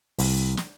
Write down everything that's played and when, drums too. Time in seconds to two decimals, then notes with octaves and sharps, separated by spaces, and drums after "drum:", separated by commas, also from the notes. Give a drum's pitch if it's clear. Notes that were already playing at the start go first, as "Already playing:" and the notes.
0.18 C2, drum: open hi-hat
0.57 drum: snare